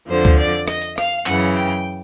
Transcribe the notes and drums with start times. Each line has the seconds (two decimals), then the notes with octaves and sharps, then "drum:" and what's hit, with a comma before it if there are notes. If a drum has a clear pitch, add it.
0.09 F2 D3 F3 C5
0.25 drum: kick D2
0.39 D5
0.68 D#5, drum: rim click
0.81 drum: hi-hat
0.98 F5, drum: rim click
1.26 F#2 C#3 E3 F#5, drum: clap
1.57 G5